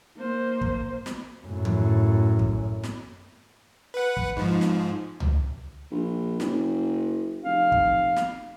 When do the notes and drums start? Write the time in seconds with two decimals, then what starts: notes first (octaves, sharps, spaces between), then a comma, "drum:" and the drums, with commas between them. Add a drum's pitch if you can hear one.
0.17 A#3 C5
0.61 drum: kick
1.06 drum: snare
1.46 F#2 A2
1.65 drum: tom
2.39 drum: kick
2.83 drum: snare
3.94 B4 F#5
4.17 drum: kick
4.37 G#2 F3
4.61 drum: snare
5.20 drum: tom C#2
5.91 A#1
6.40 F#1, drum: snare
7.43 F1 F5
7.72 drum: kick
8.16 drum: snare